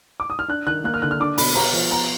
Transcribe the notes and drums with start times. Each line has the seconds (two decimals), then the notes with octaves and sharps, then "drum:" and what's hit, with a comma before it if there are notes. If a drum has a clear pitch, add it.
0.20 D6
0.30 D#6
0.39 F6
0.48 D4 F#6
0.67 D#3 F#6
0.84 A#3 F#6
0.94 F6
1.02 D3 F#6
1.11 F6
1.20 D4 D6
1.38 B2 B5, drum: open hi-hat
1.55 B3 A#5, drum: cymbal
1.73 F3
1.91 B3 A#5